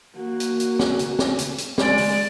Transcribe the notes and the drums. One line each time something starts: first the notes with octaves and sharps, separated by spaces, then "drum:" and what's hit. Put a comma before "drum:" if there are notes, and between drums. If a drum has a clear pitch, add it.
A#3 F#4
drum: hi-hat
drum: hi-hat
drum: snare
drum: hi-hat
drum: snare
drum: hi-hat
drum: hi-hat
G#3 D5, drum: snare
drum: open hi-hat